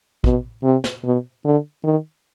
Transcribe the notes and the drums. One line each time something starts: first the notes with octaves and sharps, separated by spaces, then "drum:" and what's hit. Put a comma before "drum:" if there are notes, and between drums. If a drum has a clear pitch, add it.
B2, drum: kick
C3
drum: snare
B2
D3
D#3